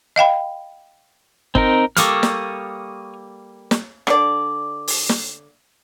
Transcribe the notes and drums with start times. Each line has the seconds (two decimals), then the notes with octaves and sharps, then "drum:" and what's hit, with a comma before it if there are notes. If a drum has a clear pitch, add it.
0.16 D#5 F5 G5 B5
1.55 C4 D#4 A#4, drum: kick G1
1.97 G3 A#3 A4 C#6 D#6 F6, drum: hi-hat
2.23 drum: snare
3.71 drum: snare
4.07 D3 D5, drum: rim click
4.88 drum: open hi-hat
5.09 drum: snare